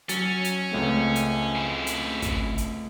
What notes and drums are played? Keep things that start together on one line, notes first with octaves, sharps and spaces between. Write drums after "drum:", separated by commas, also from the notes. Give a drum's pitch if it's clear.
F#3 C#4 A6, drum: hi-hat
drum: hi-hat
C#2 A3 C4
drum: hi-hat
C#3 E4
drum: hi-hat
drum: kick, hi-hat
drum: hi-hat